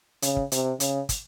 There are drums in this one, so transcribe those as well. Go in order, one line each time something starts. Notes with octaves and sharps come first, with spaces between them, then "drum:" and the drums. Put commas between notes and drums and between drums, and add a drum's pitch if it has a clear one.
C#3, drum: hi-hat
drum: kick
C3, drum: hi-hat
C#3, drum: hi-hat
drum: kick, hi-hat